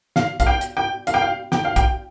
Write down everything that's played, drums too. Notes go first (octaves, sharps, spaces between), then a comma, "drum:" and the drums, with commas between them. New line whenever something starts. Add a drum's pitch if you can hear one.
F5, drum: snare
F5, drum: kick, hi-hat
G5
drum: hi-hat
G5
F5, drum: hi-hat
G5
F5
G5, drum: snare
F5
G5, drum: kick, hi-hat